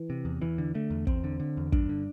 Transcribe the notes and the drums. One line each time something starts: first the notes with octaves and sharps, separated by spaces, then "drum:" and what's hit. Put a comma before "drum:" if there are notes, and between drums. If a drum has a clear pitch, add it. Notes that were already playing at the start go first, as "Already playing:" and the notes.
Already playing: E3
C3
E2
E2 E3
D3
D3 A3
E2
E2 C4, drum: kick
D3
D3
E2
G2 D4, drum: kick
D3